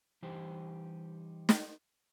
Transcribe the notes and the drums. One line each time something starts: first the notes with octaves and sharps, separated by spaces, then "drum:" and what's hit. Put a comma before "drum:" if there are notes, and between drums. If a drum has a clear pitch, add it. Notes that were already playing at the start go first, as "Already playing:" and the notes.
E3 G3 D#4 G4 C5
drum: snare